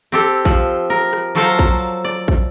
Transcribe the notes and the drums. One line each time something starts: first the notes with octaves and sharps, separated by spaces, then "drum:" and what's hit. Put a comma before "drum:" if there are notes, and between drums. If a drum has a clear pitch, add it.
C4 G4 A4
F3, drum: kick
A#4
drum: rim click
F3 F#3 A4 A#4 C5 F5
drum: kick
D5
drum: kick